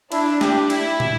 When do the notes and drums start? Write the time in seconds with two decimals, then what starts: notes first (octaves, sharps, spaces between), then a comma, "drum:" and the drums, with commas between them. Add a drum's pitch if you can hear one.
0.12 D4 E4, drum: cymbal
0.41 D4 G4, drum: snare
0.70 E4, drum: cymbal
1.00 drum: tom